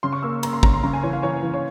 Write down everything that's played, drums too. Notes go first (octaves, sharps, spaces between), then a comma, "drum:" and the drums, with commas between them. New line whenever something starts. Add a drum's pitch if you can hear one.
C#3 C6
C#6
A#3 E6
A#3 A#5, drum: cymbal
C6
C#3 A#5, drum: kick
C6
C#3 A#5
G#5
E3 C#5
F5
E3 C#5
E3
C#5